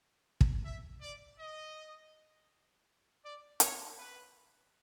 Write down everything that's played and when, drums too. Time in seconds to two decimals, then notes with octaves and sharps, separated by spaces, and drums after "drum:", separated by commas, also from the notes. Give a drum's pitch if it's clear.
0.41 drum: kick
0.64 E5
1.01 D5
1.39 D#5
3.23 D5
3.60 C#5, drum: hi-hat
3.97 B4